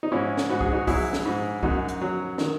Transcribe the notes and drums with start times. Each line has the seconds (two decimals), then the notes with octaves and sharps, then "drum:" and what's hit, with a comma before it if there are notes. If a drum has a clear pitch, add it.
0.03 D#4
0.12 G#2 C#4 E4
0.37 drum: snare
0.49 G#2 F#4
0.61 G#4, drum: kick C2
0.73 D#4 F#4
0.87 F#3 E4 G#4, drum: kick C2, open hi-hat
1.13 drum: snare
1.26 G#2
1.63 F#2 D#4 F#4, drum: kick C2
1.89 drum: hi-hat
2.01 F#3
2.38 D#3, drum: snare